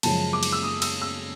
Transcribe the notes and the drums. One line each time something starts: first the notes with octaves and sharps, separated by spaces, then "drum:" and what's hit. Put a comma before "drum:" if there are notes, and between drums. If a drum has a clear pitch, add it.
F#2 C#3 F3 G#3 A5, drum: cymbal
D6
drum: cymbal
E6
D#6
E6, drum: cymbal
E6